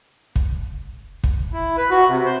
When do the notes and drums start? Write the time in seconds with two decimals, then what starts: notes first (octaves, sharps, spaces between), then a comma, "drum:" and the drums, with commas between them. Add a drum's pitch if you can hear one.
0.36 drum: kick
1.24 drum: kick
1.53 E4
1.77 B4
1.91 F#4
2.08 C3
2.26 C5